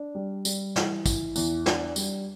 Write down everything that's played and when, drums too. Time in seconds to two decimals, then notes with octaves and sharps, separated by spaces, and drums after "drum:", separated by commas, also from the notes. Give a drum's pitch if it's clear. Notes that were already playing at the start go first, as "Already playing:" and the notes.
Already playing: D4
0.15 G3
0.45 G3, drum: tambourine
0.76 E3, drum: snare
1.06 E3, drum: kick, tambourine
1.36 E2, drum: tambourine
1.66 D4, drum: snare
1.96 G3, drum: tambourine